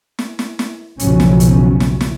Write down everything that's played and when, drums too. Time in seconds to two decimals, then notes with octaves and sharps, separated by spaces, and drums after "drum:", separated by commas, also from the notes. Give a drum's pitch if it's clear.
0.19 drum: snare
0.39 drum: snare
0.59 drum: snare
0.99 B1 E2 C#3 F3 F#3 C#4, drum: hi-hat
1.20 drum: snare
1.40 drum: hi-hat
1.80 drum: snare
2.01 drum: snare